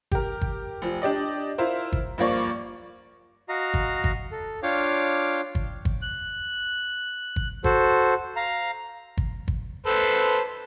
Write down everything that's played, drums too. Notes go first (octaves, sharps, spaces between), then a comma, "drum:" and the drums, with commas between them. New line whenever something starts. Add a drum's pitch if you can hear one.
G4 A#4, drum: kick G1
drum: kick G1
F1 F3
D4 G4 D5 D#5
E4 F4 A#4 C5
drum: kick G1
G2 F3 A#3 D5 C#6
F#4 D#5 F5 A#5
drum: kick G1
drum: kick G1
A4
D4 F4 C#5 F5 G5 D6
drum: kick G1
drum: kick G1
F#6
drum: kick G1
F#4 A4 C5, drum: kick G1
F5 A#5
drum: kick G1
drum: kick G1
A4 B4 C5